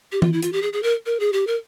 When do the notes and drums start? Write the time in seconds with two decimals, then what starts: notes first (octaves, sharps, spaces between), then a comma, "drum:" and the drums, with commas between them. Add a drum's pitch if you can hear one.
0.12 G4
0.22 F4, drum: tom E3
0.33 E4
0.43 F4, drum: hi-hat
0.53 G4
0.62 G#4
0.73 G#4
0.83 A#4
1.06 A#4
1.20 G#4
1.33 G4
1.47 A#4